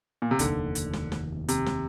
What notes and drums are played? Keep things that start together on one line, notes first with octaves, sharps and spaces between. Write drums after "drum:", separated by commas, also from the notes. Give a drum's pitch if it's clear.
A#2
C3
F1 D#2 D3 D#3, drum: kick, hi-hat
drum: hi-hat
drum: snare
drum: snare
C3, drum: hi-hat
drum: snare